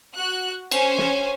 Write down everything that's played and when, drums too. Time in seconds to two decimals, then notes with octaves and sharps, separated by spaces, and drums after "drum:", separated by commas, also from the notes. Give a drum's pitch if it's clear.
0.14 F#4 F#6
0.71 C#4 C5 G#5, drum: cymbal
0.98 drum: snare